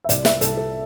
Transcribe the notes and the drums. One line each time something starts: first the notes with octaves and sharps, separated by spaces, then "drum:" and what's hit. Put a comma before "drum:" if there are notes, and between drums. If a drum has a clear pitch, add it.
E5
C2 D5, drum: hi-hat
E5, drum: snare
C2 A4, drum: hi-hat
A4